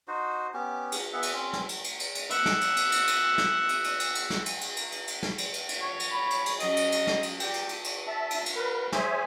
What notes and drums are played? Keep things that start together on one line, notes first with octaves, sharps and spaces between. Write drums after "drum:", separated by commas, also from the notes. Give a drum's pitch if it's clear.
D#4 F#4 C5
B3 C#4 G4
drum: cymbal
B3 G#4 E5 F#5
drum: cymbal
C4 C#4
drum: snare
drum: cymbal
drum: cymbal
drum: cymbal
drum: cymbal
E5 F#5, drum: cymbal
drum: snare
drum: cymbal
drum: cymbal
drum: cymbal
drum: cymbal
drum: snare
drum: cymbal
drum: cymbal
drum: cymbal
drum: cymbal
drum: snare
drum: cymbal
drum: cymbal
drum: cymbal
drum: cymbal
drum: cymbal
drum: snare
drum: cymbal
drum: cymbal
drum: cymbal
C#5
drum: cymbal
B5
drum: cymbal
drum: cymbal
F#3 C#4 D#5, drum: cymbal
drum: cymbal
drum: cymbal
drum: snare
drum: cymbal
G4 D5 G5, drum: cymbal
drum: cymbal
drum: cymbal
drum: cymbal
E5 A5
drum: cymbal
drum: cymbal
A#4 B4
G#4 C5 C#5 E5 G#5, drum: snare